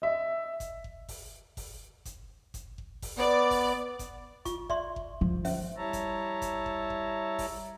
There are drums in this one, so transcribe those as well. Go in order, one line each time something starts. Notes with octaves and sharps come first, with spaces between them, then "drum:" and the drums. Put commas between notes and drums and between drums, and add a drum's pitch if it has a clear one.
D#5 E5
drum: kick F#1, hi-hat
drum: kick F#1
drum: kick F#1, open hi-hat
drum: kick F#1, open hi-hat
drum: kick F#1, hi-hat
drum: kick F#1, hi-hat
drum: kick F#1
drum: kick F#1, open hi-hat
B3 D5
drum: kick F#1, open hi-hat
drum: kick F#1, hi-hat
F4 C#6, drum: kick F#1, hi-hat
D5 E5 C6, drum: kick F#1
drum: kick F#1
F3
C#4 C5 E5, drum: kick F#1, open hi-hat
G3 E4 C#5 E5 A5 A#5
drum: kick F#1, hi-hat
drum: kick F#1, hi-hat
drum: kick F#1
drum: kick F#1
drum: kick F#1, open hi-hat